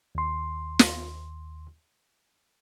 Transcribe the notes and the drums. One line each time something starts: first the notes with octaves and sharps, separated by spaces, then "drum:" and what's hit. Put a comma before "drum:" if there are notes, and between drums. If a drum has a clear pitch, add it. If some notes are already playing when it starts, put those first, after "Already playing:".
D#2 C6
drum: snare